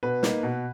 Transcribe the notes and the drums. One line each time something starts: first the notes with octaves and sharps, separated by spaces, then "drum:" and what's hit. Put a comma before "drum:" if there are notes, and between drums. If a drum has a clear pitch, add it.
B2 B4
A#3 D#4, drum: snare
B2